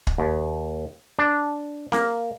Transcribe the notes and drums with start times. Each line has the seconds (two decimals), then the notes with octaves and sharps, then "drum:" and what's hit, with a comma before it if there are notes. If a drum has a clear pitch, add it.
0.07 drum: kick
0.18 D#2
1.19 D4
1.92 A#3, drum: snare C4